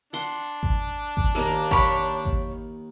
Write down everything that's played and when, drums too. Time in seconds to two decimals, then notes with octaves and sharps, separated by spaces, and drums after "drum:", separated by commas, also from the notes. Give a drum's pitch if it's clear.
0.13 D4 F#5 C6
0.63 drum: kick G#1
1.17 drum: kick G#1
1.35 D#2 D#3 A#3 A#4 A#5
1.71 C#5 G5 B5, drum: kick G#1
2.25 drum: kick G#1